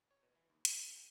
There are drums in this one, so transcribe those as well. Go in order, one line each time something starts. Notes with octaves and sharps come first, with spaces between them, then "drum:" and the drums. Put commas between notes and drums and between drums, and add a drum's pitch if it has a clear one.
C#5
B2
E3
D#2
C3, drum: hi-hat
C#3
G5